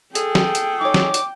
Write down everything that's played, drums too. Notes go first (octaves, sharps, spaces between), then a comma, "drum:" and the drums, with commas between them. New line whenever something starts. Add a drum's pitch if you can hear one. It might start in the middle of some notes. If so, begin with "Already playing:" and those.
G#4 A4 G5, drum: hi-hat
drum: snare
drum: hi-hat
D#4 C#5 D6
drum: snare
drum: hi-hat